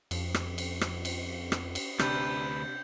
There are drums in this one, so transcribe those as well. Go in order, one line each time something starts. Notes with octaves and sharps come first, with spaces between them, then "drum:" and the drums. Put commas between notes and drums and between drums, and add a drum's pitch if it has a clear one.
F2, drum: cymbal
drum: rim click
drum: cymbal
drum: rim click
drum: cymbal
drum: rim click
drum: cymbal
D2 C3 D4 B4 G6, drum: rim click